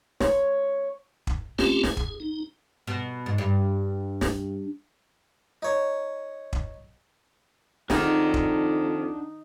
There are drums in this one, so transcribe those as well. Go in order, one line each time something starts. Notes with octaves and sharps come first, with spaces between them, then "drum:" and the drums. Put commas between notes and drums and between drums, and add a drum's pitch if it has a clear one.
C#5, drum: snare
drum: kick
A3 C4 C#4 F4 G4, drum: snare
G#4, drum: snare
drum: kick
D#4
B2
G#2
G2
drum: snare
D#4 C#5
drum: kick
F2 D#3 D4 F#4 G#4 D5 E5, drum: snare
drum: kick